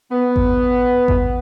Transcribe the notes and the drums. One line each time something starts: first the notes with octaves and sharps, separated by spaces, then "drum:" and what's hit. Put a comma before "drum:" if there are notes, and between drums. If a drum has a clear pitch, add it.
B3
drum: kick G#1
drum: kick G#1